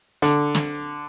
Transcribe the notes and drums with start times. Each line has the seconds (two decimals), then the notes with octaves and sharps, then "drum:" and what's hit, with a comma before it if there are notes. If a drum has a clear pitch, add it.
0.22 D3, drum: hi-hat
0.55 drum: snare